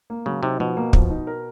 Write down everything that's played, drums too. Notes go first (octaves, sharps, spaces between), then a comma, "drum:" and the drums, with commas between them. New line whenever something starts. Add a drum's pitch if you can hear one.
A#3
C#3 F#3
C3 D#4
B2 F3
A#3
F3, drum: kick
D#4
A#4